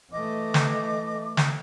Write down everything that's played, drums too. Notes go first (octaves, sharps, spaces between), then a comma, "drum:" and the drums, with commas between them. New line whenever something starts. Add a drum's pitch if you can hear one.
E3 A3 D#5 D6
drum: snare
drum: snare